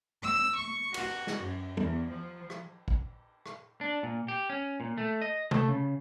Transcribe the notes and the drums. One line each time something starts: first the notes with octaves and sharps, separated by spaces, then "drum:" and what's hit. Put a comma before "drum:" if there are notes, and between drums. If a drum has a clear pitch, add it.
E6
C#6
F#4, drum: cymbal
drum: snare
F#2
E2, drum: tom
F3
drum: rim click
drum: kick
drum: rim click
D4
A#2
G4
C#4
A#2
A3
D#5
A3, drum: tom
C#3